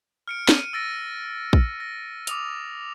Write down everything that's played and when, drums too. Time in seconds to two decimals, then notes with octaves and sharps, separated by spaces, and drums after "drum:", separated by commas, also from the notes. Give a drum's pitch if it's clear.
0.28 F6 C#7 D7
0.49 D#7, drum: snare
0.73 E6 A6 A#6 D7
1.53 drum: kick
1.80 A#6
2.27 D6 D#6 F7, drum: hi-hat